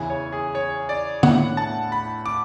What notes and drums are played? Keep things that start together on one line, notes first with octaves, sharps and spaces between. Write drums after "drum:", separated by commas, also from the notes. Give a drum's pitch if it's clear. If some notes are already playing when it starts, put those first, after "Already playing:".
Already playing: E2 C#3 E3 G#5
C#5
G#4
C#5
D5
A2 E3 B3 D4 F#5, drum: tom
A5
B5
D6